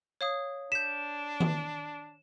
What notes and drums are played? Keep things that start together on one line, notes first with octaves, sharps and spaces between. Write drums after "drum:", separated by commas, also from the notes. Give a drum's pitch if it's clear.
C#5 F5 D#6
D4 G6 B6 E7
drum: tom D#3